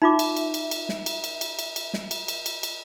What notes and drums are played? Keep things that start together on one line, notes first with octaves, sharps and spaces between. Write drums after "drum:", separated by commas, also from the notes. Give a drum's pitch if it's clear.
D#4 F4 E5 D6
drum: cymbal
drum: cymbal
drum: cymbal
drum: cymbal
drum: snare
drum: cymbal
drum: cymbal
drum: cymbal
drum: cymbal
drum: cymbal
drum: snare
drum: cymbal
drum: cymbal
drum: cymbal
drum: cymbal